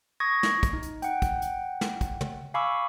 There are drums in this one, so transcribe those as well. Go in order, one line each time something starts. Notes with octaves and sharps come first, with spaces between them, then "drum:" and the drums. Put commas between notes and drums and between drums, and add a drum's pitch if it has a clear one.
C#6 D#6 G#6 A#6
drum: snare
drum: kick, hi-hat
D#4
drum: hi-hat
F#5 G5, drum: hi-hat
drum: kick, hi-hat
drum: hi-hat
drum: snare
drum: kick, hi-hat
drum: tom
F5 G#5 B5 C#6 D6 E6